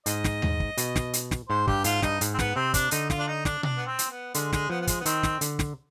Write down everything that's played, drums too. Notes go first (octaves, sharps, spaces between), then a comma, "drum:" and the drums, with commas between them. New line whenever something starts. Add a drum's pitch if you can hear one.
G#2 D#5, drum: hi-hat
drum: snare
drum: tom D#2
drum: kick
B2, drum: hi-hat
drum: snare
drum: hi-hat
drum: snare
G#2 C5
G2 G4, drum: kick
G#2 F4, drum: hi-hat
G2 D#4, drum: snare
G#2, drum: hi-hat
C4
B3, drum: snare
C3 C4
D4, drum: kick, hi-hat
D3 D#4, drum: hi-hat
F4, drum: snare
D4
D#4
D4, drum: snare
D4, drum: tom B2
B3
C4
drum: hi-hat
B3
D3 G#3, drum: hi-hat
G#3, drum: snare
F3 B3
B3
G#3, drum: kick, hi-hat
B3
D#3 C4, drum: hi-hat
drum: snare
D3, drum: hi-hat
drum: snare